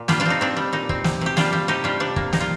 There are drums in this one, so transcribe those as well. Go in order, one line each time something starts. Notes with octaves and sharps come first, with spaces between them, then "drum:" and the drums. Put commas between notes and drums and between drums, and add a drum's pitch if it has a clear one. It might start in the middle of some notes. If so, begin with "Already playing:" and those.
Already playing: A#2
G3 D4 F4, drum: snare
D4 F4
C4 D#4
C4 D4
G3
A#2 D#4
C4, drum: kick
C3, drum: snare
C3 G4
G3 D4 F4, drum: snare
G3
C3 D#4 G4
G3 D4 F4
C3 D4
A#3, drum: kick
A#2 D#4, drum: snare
F4